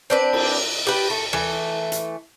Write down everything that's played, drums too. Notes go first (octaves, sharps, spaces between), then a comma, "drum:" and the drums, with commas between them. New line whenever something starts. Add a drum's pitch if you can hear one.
C4 D4 B4
drum: cymbal
G4 B4
A3
E3 A3, drum: rim click
drum: hi-hat